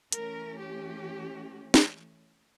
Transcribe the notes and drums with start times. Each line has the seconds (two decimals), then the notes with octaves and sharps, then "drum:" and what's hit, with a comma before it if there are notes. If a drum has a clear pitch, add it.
0.12 E3 A3 C#4 A#4, drum: hi-hat
0.59 G4
1.74 drum: snare